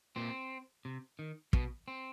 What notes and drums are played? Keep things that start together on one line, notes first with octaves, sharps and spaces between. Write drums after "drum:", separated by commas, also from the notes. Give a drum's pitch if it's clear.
A#2 C4
C3
D#3
B2 B3, drum: kick
C4